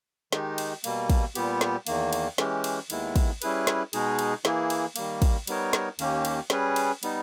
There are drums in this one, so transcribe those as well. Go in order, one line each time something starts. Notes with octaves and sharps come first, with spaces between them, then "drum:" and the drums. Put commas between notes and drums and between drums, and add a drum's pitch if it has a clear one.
D#3 G#3 D#4 G4, drum: snare
drum: cymbal
B2 G3 A#3, drum: cymbal
drum: kick, cymbal
A#2 G3 B3 G4, drum: cymbal
drum: snare
E2 D#3 A#3, drum: cymbal
drum: cymbal
E3 G#3 C#4 G4, drum: snare
drum: cymbal
D#2 D#3 G#3 B3 E4, drum: cymbal
drum: kick, cymbal
G3 C#4 E4 G#4 B4, drum: cymbal
drum: snare
B2 G#3 D#4 G#4, drum: cymbal
drum: cymbal
E3 A#3 E4 G#4, drum: snare
drum: cymbal
D#3 G3 A#3, drum: cymbal
drum: kick, cymbal
G3 B3 D#4 A#4 C#5, drum: cymbal
drum: snare
D#2 D#3 A#3 C#4 G4, drum: cymbal
drum: cymbal
G3 C#4 G#4 B4, drum: snare
drum: cymbal
G3 B3 D#4, drum: cymbal